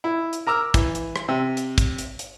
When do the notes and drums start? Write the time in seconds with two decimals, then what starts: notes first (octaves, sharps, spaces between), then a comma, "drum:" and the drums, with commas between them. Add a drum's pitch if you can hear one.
0.04 E4
0.33 drum: hi-hat
0.47 A#4 A#5 D6 E6 F6
0.74 E3, drum: kick, hi-hat
0.95 drum: hi-hat
1.16 drum: rim click
1.28 C3
1.57 drum: hi-hat
1.78 drum: kick, hi-hat
1.98 drum: hi-hat
2.19 drum: hi-hat